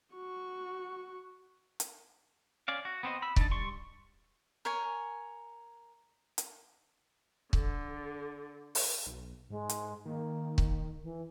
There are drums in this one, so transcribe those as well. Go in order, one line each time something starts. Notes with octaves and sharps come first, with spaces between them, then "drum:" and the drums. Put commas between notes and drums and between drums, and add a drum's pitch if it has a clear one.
F#4 C#6
drum: hi-hat
C#4 D5 F5
F#4
B3 C4 C5 D#5
B5 E6
D4 D#4 A5, drum: kick C#1
G3 C6 C#6
A#4 C#5 G#5
drum: hi-hat
D3, drum: kick C#1
drum: open hi-hat
B1
G#2 G#3
drum: hi-hat
D#3 A#3
drum: kick C#1
E3